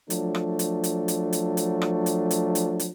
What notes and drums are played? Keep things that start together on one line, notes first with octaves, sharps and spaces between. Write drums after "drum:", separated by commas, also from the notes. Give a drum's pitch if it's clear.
F3 F#3 A3 D4, drum: hi-hat
drum: rim click
drum: hi-hat
drum: hi-hat
drum: hi-hat
drum: hi-hat
drum: hi-hat
drum: rim click
drum: hi-hat
drum: hi-hat
drum: hi-hat
drum: hi-hat